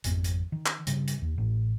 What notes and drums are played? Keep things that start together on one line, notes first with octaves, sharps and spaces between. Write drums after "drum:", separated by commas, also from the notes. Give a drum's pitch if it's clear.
G#1 F2 B3, drum: hi-hat
drum: hi-hat
D#3
drum: clap
G2 C#3, drum: hi-hat
drum: hi-hat
D#2
A1 A2